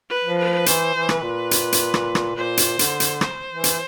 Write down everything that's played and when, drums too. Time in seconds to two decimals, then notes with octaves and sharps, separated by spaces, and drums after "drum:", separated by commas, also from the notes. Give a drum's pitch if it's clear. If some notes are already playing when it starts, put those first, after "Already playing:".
0.09 B4
0.24 F3
0.38 B4
0.66 E3 C5, drum: hi-hat
0.94 E3
1.09 B4, drum: rim click
1.23 A#2
1.51 drum: hi-hat
1.72 drum: hi-hat
1.94 drum: rim click
2.15 drum: rim click
2.36 A#2 C5
2.57 drum: hi-hat
2.79 D3, drum: hi-hat
3.00 drum: hi-hat
3.21 C5, drum: rim click
3.50 E3
3.64 drum: hi-hat